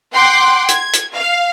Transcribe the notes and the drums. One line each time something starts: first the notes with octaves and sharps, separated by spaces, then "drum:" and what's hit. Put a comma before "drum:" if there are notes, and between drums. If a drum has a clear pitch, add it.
F#5 G5 C6 D6
G#6, drum: hi-hat
drum: hi-hat
F5